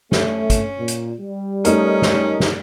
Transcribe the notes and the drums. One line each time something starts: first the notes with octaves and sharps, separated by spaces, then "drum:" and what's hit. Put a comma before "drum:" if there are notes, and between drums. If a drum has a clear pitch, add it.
A3 C#4, drum: snare
drum: kick, hi-hat
A#2
drum: hi-hat
G3
A3 C#4 D#4 A#4, drum: hi-hat
drum: snare
drum: snare